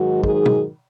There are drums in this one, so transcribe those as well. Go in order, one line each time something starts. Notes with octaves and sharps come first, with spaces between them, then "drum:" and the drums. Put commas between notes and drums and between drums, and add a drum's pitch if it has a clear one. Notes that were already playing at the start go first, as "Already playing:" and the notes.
Already playing: G#2 D#3 F#3 F#4
G#4, drum: kick
drum: tom